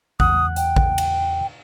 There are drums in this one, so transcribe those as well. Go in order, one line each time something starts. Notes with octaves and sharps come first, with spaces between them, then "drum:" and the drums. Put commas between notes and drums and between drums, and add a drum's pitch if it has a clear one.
E2 F#5 D#6 F#6, drum: kick A#1
G5, drum: hi-hat
drum: kick A#1
drum: cymbal